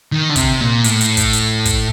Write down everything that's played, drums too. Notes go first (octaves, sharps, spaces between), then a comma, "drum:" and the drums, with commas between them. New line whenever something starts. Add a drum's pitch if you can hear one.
D#3
D3
C3, drum: kick, hi-hat
A#2
A2, drum: hi-hat
drum: hi-hat
drum: kick, hi-hat
drum: hi-hat
drum: kick, hi-hat